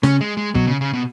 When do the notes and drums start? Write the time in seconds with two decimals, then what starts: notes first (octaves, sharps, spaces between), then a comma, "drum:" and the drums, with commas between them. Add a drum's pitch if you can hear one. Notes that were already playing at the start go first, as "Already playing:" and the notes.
0.03 C#3 C#4, drum: snare
0.21 G#3
0.37 G#3
0.55 B2 F#3, drum: kick
0.67 C#3
0.81 C#3
0.93 B2